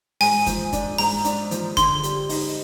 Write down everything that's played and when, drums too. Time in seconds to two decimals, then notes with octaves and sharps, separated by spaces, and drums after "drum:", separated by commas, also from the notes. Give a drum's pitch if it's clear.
0.21 G#2 G#5, drum: open hi-hat
0.46 F3, drum: kick, hi-hat
0.73 D4, drum: kick, hi-hat
0.98 G#2 A#5, drum: open hi-hat
1.25 D4, drum: hi-hat
1.51 F3, drum: hi-hat
1.77 D3 C6, drum: kick, hi-hat
2.03 G3, drum: hi-hat
2.29 D#4, drum: open hi-hat